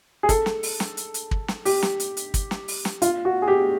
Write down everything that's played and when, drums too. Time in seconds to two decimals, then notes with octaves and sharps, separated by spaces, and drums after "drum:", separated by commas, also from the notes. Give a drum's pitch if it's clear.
0.23 G#4
0.29 A4, drum: kick, hi-hat
0.46 drum: snare
0.63 drum: open hi-hat
0.80 drum: snare
0.97 drum: hi-hat
1.14 drum: hi-hat
1.31 drum: kick
1.48 drum: snare
1.65 G4, drum: open hi-hat
1.83 drum: snare
2.00 drum: hi-hat
2.17 drum: hi-hat
2.34 drum: kick, hi-hat
2.51 drum: snare
2.68 drum: open hi-hat
2.85 drum: snare
3.02 F4, drum: hi-hat
3.25 F#4
3.42 G#4
3.48 G4